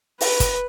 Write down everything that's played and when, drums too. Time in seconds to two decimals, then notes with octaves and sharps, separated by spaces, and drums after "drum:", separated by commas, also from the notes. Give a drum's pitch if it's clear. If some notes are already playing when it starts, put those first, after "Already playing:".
0.21 B4, drum: open hi-hat
0.40 drum: kick, hi-hat